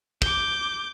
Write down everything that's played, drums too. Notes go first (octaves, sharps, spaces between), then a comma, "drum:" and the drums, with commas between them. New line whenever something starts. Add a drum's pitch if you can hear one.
D6 G6, drum: kick